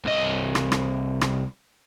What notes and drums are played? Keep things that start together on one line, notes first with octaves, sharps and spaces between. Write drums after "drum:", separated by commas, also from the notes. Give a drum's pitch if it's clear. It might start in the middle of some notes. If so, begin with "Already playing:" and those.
C2 D#5
drum: rim click
drum: rim click
drum: rim click